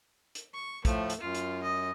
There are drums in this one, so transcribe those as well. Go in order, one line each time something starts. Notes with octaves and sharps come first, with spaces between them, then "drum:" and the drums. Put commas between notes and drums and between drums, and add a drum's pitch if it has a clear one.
drum: hi-hat
C#6
A2 F3 A3, drum: kick, hi-hat
drum: hi-hat
F#2 F4
drum: hi-hat
D#5